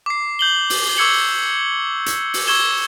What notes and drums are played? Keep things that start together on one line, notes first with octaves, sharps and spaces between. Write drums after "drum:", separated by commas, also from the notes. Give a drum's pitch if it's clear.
D6 C7
G6 F#7 G7
drum: open hi-hat
C#6 D6 E6 G#6 C#7 F#7
drum: hi-hat
drum: open hi-hat
C#6 E6 G#6 E7 G7